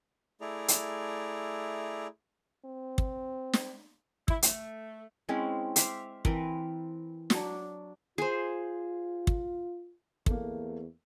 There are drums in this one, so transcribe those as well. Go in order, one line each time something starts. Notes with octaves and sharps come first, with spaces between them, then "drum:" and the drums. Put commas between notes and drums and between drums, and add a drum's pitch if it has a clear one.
A3 E4 G#4 D5 A#5
drum: hi-hat
C4
drum: kick
drum: snare
E4, drum: kick
A3, drum: hi-hat
G#3 C4 C#4 E4
C5 E5 F5 D6, drum: hi-hat
E3 C4 A#4 B4, drum: kick
F#3 D4, drum: snare
F4 G#4 C5
drum: kick
E2 A3 A#3, drum: kick